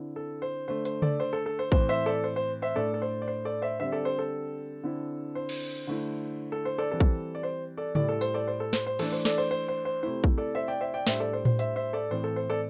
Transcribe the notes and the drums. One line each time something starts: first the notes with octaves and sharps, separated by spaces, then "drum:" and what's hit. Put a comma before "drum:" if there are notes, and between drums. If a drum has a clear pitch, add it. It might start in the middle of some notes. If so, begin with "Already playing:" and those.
Already playing: D3 C4 E4
A4
C5
D3 A3 D4 C5
C5, drum: hi-hat
A4 D5, drum: tom C#3
C5
A4
A4
C5
A2 E3 C4 C5, drum: kick
C5 E5
A4 D5
C5
C5
C5 E5
A2 A3 D4 A4 D5
A4
C5
D5
C5
A4 D5
C5 E5
D3 G3 C4 C5 E5
A4 D5
C5
A4
D3 C4 E4
C5
drum: cymbal
D3 A3 E4
A4
C5
A4 D5
E3 G3 C4 A4
drum: kick
D5
C5
A4 D5
A2 G3 E4 A4 D5, drum: tom C#3
A4
C5, drum: tambourine
A4 D5
C5
A4
C5, drum: snare
C5
E3 A3 D4 A4, drum: cymbal
C5
A4 D5, drum: snare
C5
C5
C5
C5
C3 A3 C4 E4 C5
drum: kick
A4 D5
C5 E5
D5 G5
C5 E5
D5 G5
A2 G3 D4 C5 E5, drum: snare
A4 D5
C5
C5, drum: tom A2
C5 E5, drum: hi-hat
C5 E5
A4 D5
A2 E3 C4 C5
A4
C5
A4 D5